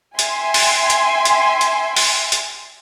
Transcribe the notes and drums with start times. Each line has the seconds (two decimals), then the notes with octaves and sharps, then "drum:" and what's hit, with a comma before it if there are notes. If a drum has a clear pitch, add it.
0.19 E5 G5 G#5 C6, drum: hi-hat
0.54 drum: open hi-hat
0.90 drum: hi-hat
1.25 drum: hi-hat
1.61 drum: hi-hat
1.96 drum: open hi-hat
2.32 drum: hi-hat